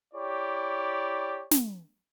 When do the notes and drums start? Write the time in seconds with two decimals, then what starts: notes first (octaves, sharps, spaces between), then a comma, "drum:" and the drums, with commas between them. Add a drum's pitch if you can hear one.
0.14 E4 G4 C#5 D5
1.51 drum: snare